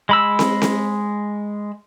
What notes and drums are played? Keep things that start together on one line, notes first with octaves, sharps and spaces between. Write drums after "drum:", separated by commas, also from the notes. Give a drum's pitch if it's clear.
G#3 B5 E6
drum: snare
drum: snare